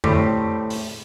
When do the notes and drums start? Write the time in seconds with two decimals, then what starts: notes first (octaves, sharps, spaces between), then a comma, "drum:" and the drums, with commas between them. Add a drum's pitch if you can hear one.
0.04 A2 G3 A3 C4 G4, drum: tom
0.70 drum: open hi-hat